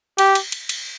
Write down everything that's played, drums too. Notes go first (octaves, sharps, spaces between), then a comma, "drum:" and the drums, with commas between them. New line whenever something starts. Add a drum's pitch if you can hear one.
G4, drum: cymbal
drum: cymbal
drum: cymbal
drum: cymbal